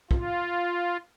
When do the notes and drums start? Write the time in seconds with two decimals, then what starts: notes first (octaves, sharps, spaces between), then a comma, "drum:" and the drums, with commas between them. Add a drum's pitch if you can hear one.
0.11 F4, drum: kick